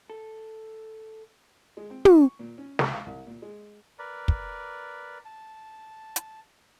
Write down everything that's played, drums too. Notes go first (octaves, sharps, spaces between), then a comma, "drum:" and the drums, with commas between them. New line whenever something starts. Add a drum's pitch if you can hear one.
A4
G#3
C4
D6, drum: tom
C#6
A#2
C#4
C#2, drum: snare
F5
C2
A#2
G#3
A#4 B4 D5
drum: kick
A5
drum: hi-hat